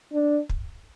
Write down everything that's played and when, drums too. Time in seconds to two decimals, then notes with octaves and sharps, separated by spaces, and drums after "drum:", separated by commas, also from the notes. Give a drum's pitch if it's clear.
0.13 D4
0.49 drum: kick